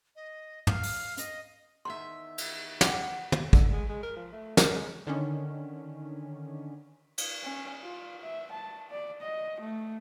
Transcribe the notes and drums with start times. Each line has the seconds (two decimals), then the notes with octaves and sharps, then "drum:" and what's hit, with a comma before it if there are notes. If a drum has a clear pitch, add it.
0.16 D#5
0.67 F5, drum: tom
0.83 drum: open hi-hat
1.18 D#5, drum: hi-hat
1.85 E2 D#3 E5 C6
2.38 drum: cymbal
2.81 F#5 G5 D6, drum: snare
3.32 drum: tom
3.53 D3, drum: kick
3.72 G#3
3.89 G#3
4.03 A#4
4.16 F3
4.32 A3
4.57 A#4, drum: snare
4.75 G#3
5.07 D3 D#3 C#4
7.18 drum: cymbal
7.44 C#4
7.82 F4
8.22 E5
8.52 A5
8.91 D5
9.21 D#5
9.60 A3